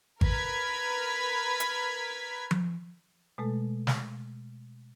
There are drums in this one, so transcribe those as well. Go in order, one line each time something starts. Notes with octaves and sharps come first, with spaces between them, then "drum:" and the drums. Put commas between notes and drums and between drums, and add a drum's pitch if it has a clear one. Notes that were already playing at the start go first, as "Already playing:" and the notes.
A#4 B4 F6 G#6 B6, drum: kick G#1
drum: hi-hat
drum: tom F3
B2 G#3 A3 A4
drum: snare